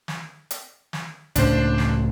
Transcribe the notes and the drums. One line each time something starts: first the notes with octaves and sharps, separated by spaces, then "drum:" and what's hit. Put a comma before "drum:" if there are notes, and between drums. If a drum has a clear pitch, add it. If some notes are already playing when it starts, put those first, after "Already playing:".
drum: snare
drum: hi-hat
drum: snare
C#2 A2 C#4 D4 C5, drum: hi-hat
drum: snare